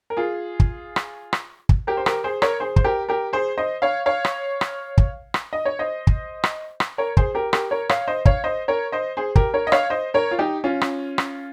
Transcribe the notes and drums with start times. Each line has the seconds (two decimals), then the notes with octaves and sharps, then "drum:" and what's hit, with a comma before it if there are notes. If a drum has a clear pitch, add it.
0.10 A#4
0.17 F4 G#4
0.60 drum: kick
0.96 drum: rim click
1.33 drum: rim click
1.69 drum: kick
1.87 G4 A#4
1.97 C5
2.06 G4 A#4, drum: rim click
2.24 G#4 C5
2.42 A#4 C#5, drum: rim click
2.60 G#4 C5
2.76 C5, drum: kick
2.84 G4 A#4
3.09 G4 A#4
3.33 G#4 C5
3.58 C5 D#5
3.82 C#5 F5
4.06 C#5 F5
4.25 drum: rim click
4.61 drum: rim click
4.98 drum: kick
5.34 drum: rim click
5.53 D#5
5.65 C#5
5.79 C5 D#5
6.07 drum: kick
6.44 drum: rim click
6.80 drum: rim click
6.98 A#4 C#5
7.17 G#4 C5, drum: kick
7.35 G4 A#4
7.53 G4 A#4, drum: rim click
7.71 A#4 C#5
7.89 C#5 F5, drum: rim click
8.08 C5 D#5
8.25 C#5 F5, drum: kick
8.44 C5 D#5
8.68 A#4 C#5
8.92 C5 D#5
9.17 G#4 C5
9.35 G4 A#4, drum: kick
9.54 A#4 C#5
9.67 D#5
9.72 C#5 F5, drum: rim click
9.90 C5 D#5
10.14 A#4 C#5
10.31 F4
10.39 D#4 G4
10.64 C#4 F4
10.81 drum: rim click
11.18 drum: rim click